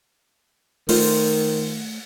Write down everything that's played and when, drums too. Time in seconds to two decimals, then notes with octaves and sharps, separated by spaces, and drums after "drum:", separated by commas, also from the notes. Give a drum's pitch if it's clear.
0.89 D#3 A3 F4 C5, drum: open hi-hat